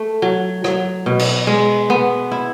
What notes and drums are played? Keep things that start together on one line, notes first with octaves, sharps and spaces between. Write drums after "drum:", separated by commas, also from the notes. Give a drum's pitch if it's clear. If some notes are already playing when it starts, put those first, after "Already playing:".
Already playing: A3
F#3
F#3, drum: rim click
B2
drum: cymbal
G#3
B3
E4